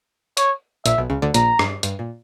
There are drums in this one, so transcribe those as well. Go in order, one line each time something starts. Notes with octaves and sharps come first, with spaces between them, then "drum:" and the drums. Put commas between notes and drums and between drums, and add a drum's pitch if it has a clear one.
C#5, drum: hi-hat
A#1 A#2 E5, drum: hi-hat
B1 B2
C#2 C#3
D2 D3
A#1 A#2 A#5, drum: hi-hat
G2, drum: rim click
G2, drum: hi-hat
A#2